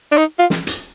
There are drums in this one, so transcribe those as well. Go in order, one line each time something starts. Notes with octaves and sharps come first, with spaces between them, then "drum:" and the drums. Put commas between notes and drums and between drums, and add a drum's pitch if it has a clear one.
D4
D#4
F4
drum: snare
drum: hi-hat